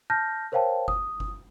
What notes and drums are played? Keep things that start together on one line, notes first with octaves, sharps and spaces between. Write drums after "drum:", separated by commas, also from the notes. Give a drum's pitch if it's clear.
A5 F6 G6 A#6
A#4 C5 C#5 F5 G5 A5
D#6, drum: kick F#1
drum: kick F#1